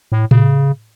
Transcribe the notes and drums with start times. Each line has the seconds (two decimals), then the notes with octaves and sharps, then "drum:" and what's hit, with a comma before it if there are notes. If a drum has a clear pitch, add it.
0.12 A2
0.31 C#3, drum: tom A2